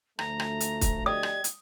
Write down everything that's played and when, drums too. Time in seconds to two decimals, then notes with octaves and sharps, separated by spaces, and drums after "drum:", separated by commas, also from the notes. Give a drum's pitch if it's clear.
0.19 D2 F3 A3 A#5, drum: rim click
0.40 drum: rim click
0.60 drum: hi-hat
0.81 drum: kick, hi-hat
1.06 G4 D5 D#5 D#6 G#6
1.23 drum: rim click
1.44 drum: hi-hat